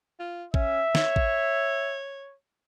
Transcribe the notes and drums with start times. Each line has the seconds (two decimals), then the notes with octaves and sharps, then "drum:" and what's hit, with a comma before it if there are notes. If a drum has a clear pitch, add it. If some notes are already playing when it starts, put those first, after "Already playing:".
0.19 F4
0.54 C#4 E5, drum: kick
0.95 C#5, drum: snare
1.16 drum: kick